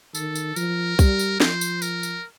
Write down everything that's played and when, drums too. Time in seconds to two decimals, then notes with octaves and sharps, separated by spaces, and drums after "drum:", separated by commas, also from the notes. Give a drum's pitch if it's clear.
0.15 D#3 A4, drum: tambourine
0.35 drum: tambourine
0.56 F3 A#4, drum: tambourine
0.99 G3, drum: kick B1, tambourine
1.19 drum: tambourine
1.40 F3 C5, drum: snare
1.61 drum: tambourine
1.82 A#4, drum: tambourine
2.03 drum: tambourine